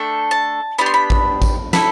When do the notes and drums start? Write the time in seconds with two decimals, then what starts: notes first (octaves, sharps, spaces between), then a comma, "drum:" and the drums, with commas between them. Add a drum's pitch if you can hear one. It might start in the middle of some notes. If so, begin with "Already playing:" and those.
Already playing: A3 D4 A4 G5
0.31 A5
0.78 B3 D4 G4 B5
0.86 C6
0.94 B5
1.10 drum: kick A1
1.42 drum: kick A1, tambourine
1.73 E4 A4 B5, drum: snare